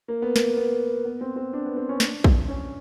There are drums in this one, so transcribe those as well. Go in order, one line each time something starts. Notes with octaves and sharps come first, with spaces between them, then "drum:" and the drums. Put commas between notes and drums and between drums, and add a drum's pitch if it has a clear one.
A#3
B3
A#3, drum: snare
B3
B3
C4
C4
D4
B3
C4
C#4
D4, drum: snare
drum: kick
C#4